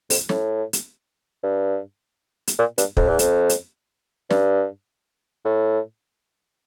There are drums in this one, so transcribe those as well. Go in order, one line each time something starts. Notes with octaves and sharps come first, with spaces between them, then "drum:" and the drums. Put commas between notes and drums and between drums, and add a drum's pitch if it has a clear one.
F2, drum: open hi-hat
A2, drum: snare
drum: hi-hat
G2
drum: hi-hat
A#2
G2, drum: hi-hat
F2, drum: kick
E2
F2, drum: hi-hat
drum: hi-hat
G2, drum: snare
A2